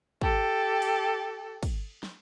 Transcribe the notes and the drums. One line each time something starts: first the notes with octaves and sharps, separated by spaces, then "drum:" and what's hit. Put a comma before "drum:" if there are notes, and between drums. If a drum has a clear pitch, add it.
G4 A4, drum: kick
drum: cymbal
drum: kick, cymbal
drum: snare